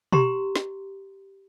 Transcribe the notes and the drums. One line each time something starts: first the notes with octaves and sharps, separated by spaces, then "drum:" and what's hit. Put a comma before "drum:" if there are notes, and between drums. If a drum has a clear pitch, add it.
G4 A#5 C6, drum: tom B2
drum: snare